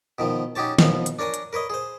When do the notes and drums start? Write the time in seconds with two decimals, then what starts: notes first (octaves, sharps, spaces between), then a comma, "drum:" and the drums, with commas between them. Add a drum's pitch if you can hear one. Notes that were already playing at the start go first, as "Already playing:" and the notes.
0.18 B2 D#3 F3
0.55 C#4 D#4 F#4 G4 C#5 A5
0.79 D#2 B2 F3, drum: snare
1.06 drum: hi-hat
1.19 D4 A#4 C#5 G#5 A#5
1.34 drum: hi-hat
1.53 A#4 B4 C#5 D#5
1.70 G#4 C5